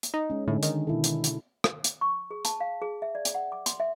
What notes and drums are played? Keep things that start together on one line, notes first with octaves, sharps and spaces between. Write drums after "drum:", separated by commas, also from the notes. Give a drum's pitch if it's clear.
drum: hi-hat
D#4
G#3 C#4
A2 D3 D#4
D#3, drum: hi-hat
B2 E4 A4
drum: hi-hat
drum: hi-hat
drum: rim click
drum: hi-hat
C#6
G#4
A5, drum: hi-hat
F5
G#4
E5
D5
drum: hi-hat
F#5
D6
C6, drum: hi-hat
E5